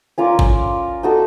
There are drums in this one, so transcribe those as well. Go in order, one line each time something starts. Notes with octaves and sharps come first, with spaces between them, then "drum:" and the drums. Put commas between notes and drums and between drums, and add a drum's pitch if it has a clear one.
C#4 F4 A#4 D5
drum: kick G1
D#4 F#4 A4